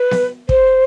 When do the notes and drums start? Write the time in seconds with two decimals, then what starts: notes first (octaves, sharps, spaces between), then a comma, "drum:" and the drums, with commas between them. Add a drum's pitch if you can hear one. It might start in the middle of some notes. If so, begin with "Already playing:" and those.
Already playing: B4
0.11 drum: snare B3
0.49 C5, drum: kick